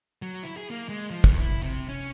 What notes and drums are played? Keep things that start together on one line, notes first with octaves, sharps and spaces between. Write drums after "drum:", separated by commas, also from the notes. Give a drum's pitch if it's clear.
F#3
E4
G#4
A#3
G#3
F3
E2, drum: kick, tambourine
E4
C3, drum: tambourine
C#4